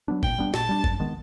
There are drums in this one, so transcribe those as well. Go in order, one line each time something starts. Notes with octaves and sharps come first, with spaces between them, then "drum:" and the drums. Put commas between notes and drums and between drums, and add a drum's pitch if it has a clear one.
F#3 B3 D4
A#2 G5, drum: kick G#1
G3 B3 D4
A#2 A5, drum: snare
G3 B3 D4
F#2, drum: kick G#1
D#3 G#3 B3